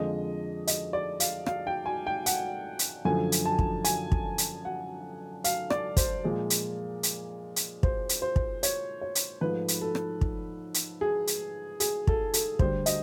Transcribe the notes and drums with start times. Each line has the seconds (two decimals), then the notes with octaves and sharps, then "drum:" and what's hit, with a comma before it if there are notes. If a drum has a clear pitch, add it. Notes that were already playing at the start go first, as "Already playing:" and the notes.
Already playing: F2 D3 F3 G#3 D#5
0.67 D#5, drum: hi-hat
0.93 D5
1.20 F5, drum: hi-hat
1.46 F5, drum: rim click
1.67 G5
1.86 G#5
2.07 G5
2.26 F#5, drum: hi-hat
2.79 drum: hi-hat
3.05 F#2 D3 F3 A3 G#5
3.32 drum: hi-hat
3.46 A5
3.59 drum: kick
3.84 G#5, drum: hi-hat
4.12 drum: kick
4.38 drum: hi-hat
4.65 F#5
5.44 F5, drum: hi-hat
5.70 D5, drum: rim click
5.97 C5, drum: kick, hi-hat
6.24 A#2 F3 G#3
6.50 drum: hi-hat
7.03 drum: hi-hat
7.56 drum: hi-hat
7.83 C5, drum: kick
8.09 drum: hi-hat
8.22 C5
8.36 drum: kick
8.63 C#5, drum: hi-hat
9.01 C#5
9.15 drum: hi-hat
9.41 G#2 F3 A3 B4
9.68 drum: hi-hat
9.81 A4
9.95 drum: rim click
10.21 drum: kick
10.74 drum: hi-hat
11.01 G#4
11.27 drum: hi-hat
11.80 G#4, drum: hi-hat
12.07 A4, drum: kick
12.34 A4, drum: hi-hat
12.59 D2 D3 G3 C5, drum: kick
12.86 D#5, drum: hi-hat